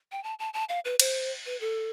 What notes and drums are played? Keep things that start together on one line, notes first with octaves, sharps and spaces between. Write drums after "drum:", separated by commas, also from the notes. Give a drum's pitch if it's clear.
G5
A5
A5
A5
F5
B4
C5, drum: cymbal
B4
A4